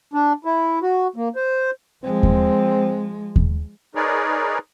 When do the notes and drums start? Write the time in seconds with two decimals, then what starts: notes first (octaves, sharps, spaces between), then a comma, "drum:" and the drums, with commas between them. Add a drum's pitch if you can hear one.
0.13 D4
0.45 E4
0.82 F#4
1.16 A#3
1.36 C5
2.04 F3 G#3 C4
2.23 drum: kick D#2
3.36 drum: kick D#2
3.95 D#4 G#4 A#4 B4 C#5 D5